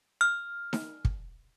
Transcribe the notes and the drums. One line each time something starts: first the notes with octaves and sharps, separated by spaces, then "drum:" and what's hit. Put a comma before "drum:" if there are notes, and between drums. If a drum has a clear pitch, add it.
F6
drum: snare D#4
drum: kick